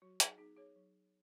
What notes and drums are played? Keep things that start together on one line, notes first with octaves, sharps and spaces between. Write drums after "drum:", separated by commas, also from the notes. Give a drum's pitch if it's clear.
F#3 F#4
D#4 G#4, drum: hi-hat
B3 D#4 G#4
G#4 C#5
F#3